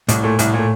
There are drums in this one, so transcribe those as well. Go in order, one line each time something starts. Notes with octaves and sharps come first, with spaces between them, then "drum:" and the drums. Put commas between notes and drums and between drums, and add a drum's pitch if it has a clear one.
C2 A2, drum: hi-hat
A#2 A3
C2 A2, drum: hi-hat
A#2
A3